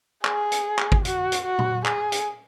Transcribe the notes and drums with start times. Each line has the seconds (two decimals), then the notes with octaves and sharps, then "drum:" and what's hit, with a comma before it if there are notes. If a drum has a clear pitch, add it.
0.25 G#4, drum: clap
0.52 drum: hi-hat
0.78 drum: clap
0.92 drum: kick
1.05 F#4, drum: hi-hat
1.32 drum: hi-hat
1.45 F#4
1.59 drum: tom A#2
1.85 G#4, drum: clap
2.12 drum: hi-hat